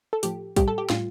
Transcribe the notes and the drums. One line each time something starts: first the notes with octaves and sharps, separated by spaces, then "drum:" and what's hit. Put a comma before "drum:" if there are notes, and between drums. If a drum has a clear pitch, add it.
A4
A2 F3 G4, drum: hi-hat
A2 G3 G4, drum: kick, hi-hat
A4
G4
A2 G3 F4, drum: snare